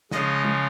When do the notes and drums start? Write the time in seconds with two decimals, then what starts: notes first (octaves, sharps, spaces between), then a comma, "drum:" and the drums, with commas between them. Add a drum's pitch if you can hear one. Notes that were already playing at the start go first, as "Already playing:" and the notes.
0.11 C#3 F3 G#3 D#5, drum: snare
0.44 drum: tom G#3